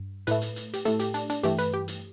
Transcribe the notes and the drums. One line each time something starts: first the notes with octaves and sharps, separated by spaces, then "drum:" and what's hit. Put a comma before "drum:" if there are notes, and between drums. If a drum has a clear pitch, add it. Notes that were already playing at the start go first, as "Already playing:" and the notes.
Already playing: G2
A2 A3 B4, drum: hi-hat
drum: hi-hat
drum: hi-hat
G4, drum: hi-hat
A2 A3 A4, drum: hi-hat
G4, drum: hi-hat
D4, drum: hi-hat
D4, drum: hi-hat
G2 E3 A3 G4, drum: hi-hat
B4, drum: hi-hat
G4
drum: hi-hat